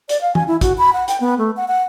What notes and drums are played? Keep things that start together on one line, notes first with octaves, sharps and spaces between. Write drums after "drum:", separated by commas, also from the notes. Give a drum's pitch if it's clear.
D5, drum: hi-hat
F5
G#5, drum: tom
E4
F#4, drum: kick, hi-hat
B5
F#5
G5, drum: hi-hat
B3
A3
F#5
F#5